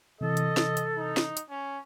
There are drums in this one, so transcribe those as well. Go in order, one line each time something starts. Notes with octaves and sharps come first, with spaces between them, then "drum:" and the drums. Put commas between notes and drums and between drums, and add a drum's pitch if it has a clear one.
C3 E3 A4 D#5
drum: hi-hat
drum: snare
drum: hi-hat
D#4
drum: snare
drum: hi-hat
C#4